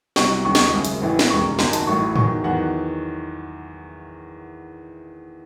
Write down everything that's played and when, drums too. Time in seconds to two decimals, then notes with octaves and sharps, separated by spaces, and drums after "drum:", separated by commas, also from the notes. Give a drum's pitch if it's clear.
0.16 C2 C3 F#3 C#6, drum: snare
0.45 D#2 C#3 F#3 C#6
0.55 C#6, drum: snare
0.63 D#6
0.73 G#1 F#2 C#3
0.85 drum: hi-hat
1.02 A1 A2 E3
1.19 drum: snare
1.30 E1 D#2 C#3 C#6
1.59 F#1 F#2 D#3 F#3 C6, drum: snare
1.73 A5, drum: hi-hat
1.87 A1 A2 F#3 C#6
2.16 E2 D#3 F#3 C#6, drum: tom G#2
2.44 E2 D#3 F#3 F#5